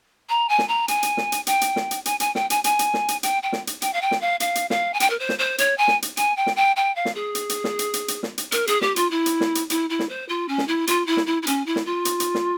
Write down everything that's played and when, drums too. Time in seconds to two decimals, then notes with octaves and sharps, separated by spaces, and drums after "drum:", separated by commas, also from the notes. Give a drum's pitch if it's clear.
0.29 A#5
0.49 G#5
0.59 drum: snare
0.68 A#5
0.88 G#5, drum: hi-hat
1.03 drum: hi-hat
1.17 drum: snare
1.32 drum: hi-hat
1.47 G5, drum: hi-hat
1.61 drum: hi-hat
1.76 drum: snare
1.91 drum: hi-hat
2.05 G#5, drum: hi-hat
2.20 G#5, drum: hi-hat
2.35 G5, drum: snare
2.50 G#5, drum: hi-hat
2.64 G#5, drum: hi-hat
2.79 drum: hi-hat
2.94 drum: snare
3.08 drum: hi-hat
3.23 G5, drum: hi-hat
3.43 G5
3.53 drum: snare
3.67 drum: hi-hat
3.82 G5, drum: hi-hat
3.93 F5
4.02 G5
4.11 drum: snare
4.21 F5
4.40 F5, drum: hi-hat
4.55 drum: hi-hat
4.70 F5, drum: snare
4.94 G#5
5.00 G5, drum: hi-hat
5.10 A#4
5.19 C5
5.29 drum: snare
5.39 C5
5.58 C#5, drum: hi-hat
5.78 G#5
5.88 drum: snare
6.02 drum: hi-hat
6.17 G#5, drum: hi-hat
6.37 G5
6.47 drum: snare
6.56 G5
6.76 G5
6.96 F5
7.05 drum: snare
7.15 G#4
7.35 drum: hi-hat
7.49 drum: hi-hat
7.64 drum: snare
7.79 drum: hi-hat
7.94 drum: hi-hat
8.08 drum: hi-hat
8.23 drum: snare
8.38 drum: hi-hat
8.52 A#4, drum: hi-hat
8.67 G#4, drum: hi-hat
8.81 G4, drum: snare
8.96 F4, drum: hi-hat
9.11 E4
9.26 drum: hi-hat
9.41 drum: snare
9.55 drum: hi-hat
9.70 E4, drum: hi-hat
9.90 E4
9.99 drum: snare
10.09 C5
10.29 F4
10.48 C#4
10.58 drum: snare
10.68 E4
10.87 F4, drum: hi-hat
11.07 E4
11.17 drum: snare
11.26 E4
11.42 E4
11.47 C#4, drum: hi-hat
11.66 E4
11.76 drum: snare
11.86 F4
12.05 drum: hi-hat
12.20 drum: hi-hat
12.35 drum: snare